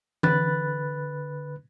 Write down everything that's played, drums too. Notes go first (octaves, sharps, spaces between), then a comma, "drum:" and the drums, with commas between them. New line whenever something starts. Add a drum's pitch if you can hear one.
D3 B4 B5 F#6 A6, drum: tom E3